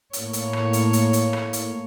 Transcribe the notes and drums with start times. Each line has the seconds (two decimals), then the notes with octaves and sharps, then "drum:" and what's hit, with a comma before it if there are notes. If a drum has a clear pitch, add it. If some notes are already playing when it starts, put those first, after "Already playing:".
0.13 A2 A#3 C#5, drum: hi-hat
0.33 drum: hi-hat
0.53 drum: rim click
0.73 drum: hi-hat
0.93 drum: hi-hat
1.13 drum: hi-hat
1.33 drum: rim click
1.53 drum: hi-hat